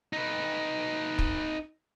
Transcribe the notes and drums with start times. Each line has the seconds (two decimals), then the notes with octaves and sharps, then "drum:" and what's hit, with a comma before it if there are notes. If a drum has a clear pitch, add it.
0.13 D#4 B4
1.19 drum: kick